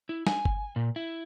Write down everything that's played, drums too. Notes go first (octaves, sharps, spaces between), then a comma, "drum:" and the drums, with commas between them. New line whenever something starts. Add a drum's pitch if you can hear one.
E4
G#5, drum: snare
drum: kick
A#2
E4